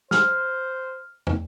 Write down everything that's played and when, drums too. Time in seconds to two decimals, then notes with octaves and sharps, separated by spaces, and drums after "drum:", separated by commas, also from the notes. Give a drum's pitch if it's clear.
0.11 C5 F6, drum: snare
1.27 drum: tom